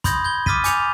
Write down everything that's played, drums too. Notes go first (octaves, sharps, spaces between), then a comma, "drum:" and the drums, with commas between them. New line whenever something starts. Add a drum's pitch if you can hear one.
B5 C6 D#6 G6 G#6 A#6, drum: kick, hi-hat
G6 G#6 G7
D6 D#6 F6 A6 B6 D#7, drum: kick
G#5 D6 G6 C#7 F7, drum: hi-hat